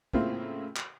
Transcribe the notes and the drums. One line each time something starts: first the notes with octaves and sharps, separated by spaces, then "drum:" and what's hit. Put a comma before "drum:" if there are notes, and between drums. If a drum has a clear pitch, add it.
A2 C#3 A#3 C4 E4 F4, drum: kick
drum: clap